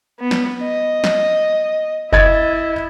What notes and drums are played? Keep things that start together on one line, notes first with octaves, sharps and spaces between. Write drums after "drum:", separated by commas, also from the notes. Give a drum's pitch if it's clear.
B3
drum: snare
D#5
drum: snare
E4 D#5 G#6 A6, drum: kick F#1